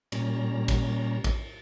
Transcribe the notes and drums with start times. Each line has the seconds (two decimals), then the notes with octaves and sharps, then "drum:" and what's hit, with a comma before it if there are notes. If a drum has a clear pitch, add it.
0.12 A#2 G3 C#4 A#5, drum: cymbal
0.68 drum: kick, cymbal
1.24 drum: kick, cymbal